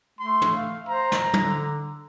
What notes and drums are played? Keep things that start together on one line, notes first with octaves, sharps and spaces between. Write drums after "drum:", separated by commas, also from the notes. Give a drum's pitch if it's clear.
A3 C6
drum: tom
F5
C5 A#5
drum: snare
D3, drum: tom